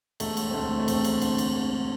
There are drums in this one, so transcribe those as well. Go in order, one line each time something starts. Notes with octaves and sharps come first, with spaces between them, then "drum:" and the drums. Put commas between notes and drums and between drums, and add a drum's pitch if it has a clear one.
E1 A3, drum: cymbal
drum: cymbal
C4
D2 A3
A3
E1 C4, drum: cymbal
drum: cymbal
D3, drum: cymbal
drum: cymbal
E1